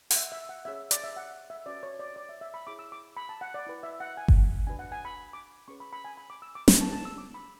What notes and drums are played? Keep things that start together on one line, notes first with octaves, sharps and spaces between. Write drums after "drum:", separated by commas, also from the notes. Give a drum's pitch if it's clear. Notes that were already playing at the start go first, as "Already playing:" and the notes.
F#5, drum: open hi-hat
E5
E5
F#5
C#4 G#4 C#5 E5
D5, drum: hi-hat
E5
F#5
E5
C#4 F#4 B4 D5
C#5
D5
D5
E5
E5
B5
E4 G#4 C#5 D6
E6
D6
B5
A5
F#5
D5
E4 B4
E5
F#5
G#5
drum: kick G1
D4 F#4 B4 G#5
F#5
G#5
B5
D6
C#4 G#4 B4 C#6
B5
B5
G#5
B5
D6
E6
D6
C#4 E4 B4 C#6, drum: snare
A5
A5
E6
D6
B5